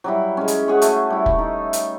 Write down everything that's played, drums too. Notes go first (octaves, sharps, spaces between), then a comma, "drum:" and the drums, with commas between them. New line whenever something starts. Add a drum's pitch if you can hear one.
F#3 G3 E4
G#3 C#4
drum: hi-hat
F#4 G#4 C#5
A3, drum: hi-hat
G3 E4
drum: kick
D#4
drum: hi-hat